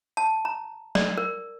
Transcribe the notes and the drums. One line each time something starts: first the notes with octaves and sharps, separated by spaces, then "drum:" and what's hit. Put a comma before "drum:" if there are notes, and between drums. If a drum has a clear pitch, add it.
A5
A#5
D5, drum: snare
A#4